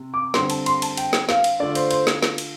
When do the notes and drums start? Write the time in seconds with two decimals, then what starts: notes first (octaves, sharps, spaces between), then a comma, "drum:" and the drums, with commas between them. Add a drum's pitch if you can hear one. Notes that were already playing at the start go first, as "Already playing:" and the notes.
Already playing: C3
0.14 D6
0.34 D3 G3 C4 C6, drum: snare
0.50 A5, drum: cymbal
0.66 C6, drum: cymbal
0.82 A5, drum: cymbal
0.97 G5, drum: cymbal
1.13 drum: snare
1.29 F5, drum: snare
1.44 drum: cymbal
1.59 D3 A3 F4 D5
1.75 C5, drum: cymbal
1.91 C5, drum: cymbal
2.07 drum: snare
2.22 drum: snare
2.38 drum: cymbal